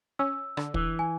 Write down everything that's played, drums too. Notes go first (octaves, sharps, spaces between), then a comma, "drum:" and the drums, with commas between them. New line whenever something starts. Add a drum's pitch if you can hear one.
C#4 E6
D3, drum: rim click
E3, drum: kick
G#5